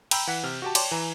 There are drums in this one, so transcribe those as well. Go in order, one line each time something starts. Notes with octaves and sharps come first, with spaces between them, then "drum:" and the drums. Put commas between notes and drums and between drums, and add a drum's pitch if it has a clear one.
G5 A#5 B5 E6 G6, drum: cymbal
E3 F#5 B6
C3 F6
F#4 G4 A5
C#5 D5 G5 A5 C6 D6, drum: cymbal
E3 G#5 A#5